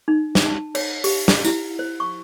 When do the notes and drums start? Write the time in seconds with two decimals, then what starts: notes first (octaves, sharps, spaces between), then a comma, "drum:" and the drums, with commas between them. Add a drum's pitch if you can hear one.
0.08 D#4
0.35 drum: snare
0.46 A5
0.75 C#5, drum: cymbal
1.04 G4, drum: open hi-hat
1.28 drum: snare
1.44 E4, drum: tambourine
1.79 C5
2.00 C#6